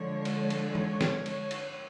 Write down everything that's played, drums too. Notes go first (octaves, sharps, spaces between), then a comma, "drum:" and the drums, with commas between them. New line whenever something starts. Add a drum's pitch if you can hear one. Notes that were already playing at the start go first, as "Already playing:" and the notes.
Already playing: D3 F3 G#3 C#5
drum: cymbal
drum: cymbal
C#5, drum: tom
drum: snare
C#5, drum: cymbal
drum: cymbal